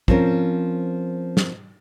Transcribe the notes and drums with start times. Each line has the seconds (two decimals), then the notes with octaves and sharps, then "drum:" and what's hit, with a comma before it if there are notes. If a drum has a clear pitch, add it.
0.08 F3 C4 C#4 A#4, drum: kick
1.37 drum: snare